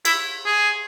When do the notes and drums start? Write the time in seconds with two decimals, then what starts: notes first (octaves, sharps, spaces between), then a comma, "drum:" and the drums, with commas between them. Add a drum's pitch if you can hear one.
0.05 E4, drum: cymbal
0.45 G#4